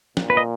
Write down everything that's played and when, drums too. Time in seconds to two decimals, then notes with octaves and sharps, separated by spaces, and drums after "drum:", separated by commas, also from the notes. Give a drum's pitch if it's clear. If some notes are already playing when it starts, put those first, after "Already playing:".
0.17 A#2, drum: snare
0.30 B4
0.37 D#5